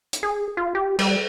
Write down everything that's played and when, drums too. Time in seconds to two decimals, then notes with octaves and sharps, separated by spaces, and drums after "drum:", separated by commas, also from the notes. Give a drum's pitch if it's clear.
0.13 drum: hi-hat
0.23 G#4
0.57 F4
0.75 G4
0.99 G3, drum: cymbal